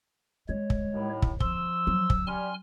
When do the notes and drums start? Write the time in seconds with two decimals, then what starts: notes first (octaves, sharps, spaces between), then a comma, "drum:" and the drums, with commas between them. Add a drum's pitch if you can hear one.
0.49 G3 G#3 C#5
0.70 drum: kick
0.93 D#2 A2
1.22 drum: kick
1.40 F3 C4 C6 E6, drum: kick
1.87 F#3
2.10 drum: kick
2.27 G3 C#4 G#5 C6 F6